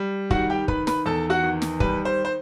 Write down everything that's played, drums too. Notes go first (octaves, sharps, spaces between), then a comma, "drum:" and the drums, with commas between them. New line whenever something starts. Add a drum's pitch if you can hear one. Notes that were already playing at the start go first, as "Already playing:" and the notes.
Already playing: G3
D#3 F#4 F#5, drum: kick
G4 G5
D#3 B4 B5, drum: kick
B4 B5, drum: snare
E2 A4 A5
F#4 F#5
D#3
drum: snare
G3 B4, drum: kick
C5
C5